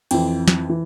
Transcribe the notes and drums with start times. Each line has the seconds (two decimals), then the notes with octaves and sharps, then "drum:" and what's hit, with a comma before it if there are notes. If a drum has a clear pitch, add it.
0.11 F2 E3 G5, drum: cymbal
0.48 drum: snare
0.69 E3